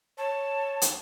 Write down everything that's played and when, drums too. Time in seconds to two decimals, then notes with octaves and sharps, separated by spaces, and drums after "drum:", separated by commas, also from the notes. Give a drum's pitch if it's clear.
0.18 C#5 A5
0.82 drum: hi-hat